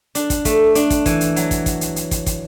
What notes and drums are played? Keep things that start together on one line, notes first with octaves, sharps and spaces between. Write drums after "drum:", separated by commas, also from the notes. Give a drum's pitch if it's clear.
D4, drum: hi-hat
drum: kick, hi-hat
A3, drum: kick, hi-hat
D4, drum: hi-hat
drum: kick, hi-hat
E3, drum: kick, hi-hat
drum: hi-hat
F#3, drum: hi-hat
drum: kick, hi-hat
drum: kick, hi-hat
drum: hi-hat
drum: hi-hat
drum: kick, hi-hat
drum: kick, hi-hat